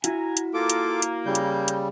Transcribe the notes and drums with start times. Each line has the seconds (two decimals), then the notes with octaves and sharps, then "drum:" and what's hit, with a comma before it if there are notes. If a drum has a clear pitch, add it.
0.04 E4 F#4 G#5 A#5, drum: hi-hat
0.37 drum: hi-hat
0.54 A#3 F4 A4 D6
0.70 drum: hi-hat
1.02 drum: hi-hat
1.26 C#3 G3 G6
1.35 drum: hi-hat
1.68 drum: hi-hat